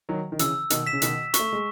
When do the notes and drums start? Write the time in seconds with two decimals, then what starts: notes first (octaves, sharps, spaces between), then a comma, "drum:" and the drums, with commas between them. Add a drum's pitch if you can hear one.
0.09 D#3 F#3
0.32 D#3
0.39 C#3 E3 E6, drum: hi-hat
0.70 B2 D#3, drum: hi-hat
0.87 B6 E7
0.93 C#3
1.02 B2 D#3, drum: hi-hat
1.34 C#6, drum: hi-hat
1.39 A3
1.53 G#3